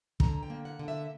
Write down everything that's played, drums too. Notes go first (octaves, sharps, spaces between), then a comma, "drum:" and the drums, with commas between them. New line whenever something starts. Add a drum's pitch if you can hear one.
D3 A#5, drum: kick
G5
A#3
F#5
D3
E5